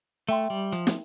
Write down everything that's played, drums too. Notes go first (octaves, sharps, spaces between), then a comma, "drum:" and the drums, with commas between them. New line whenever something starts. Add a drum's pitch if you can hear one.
A3 E5 G5 C6
G3
F3, drum: hi-hat
drum: snare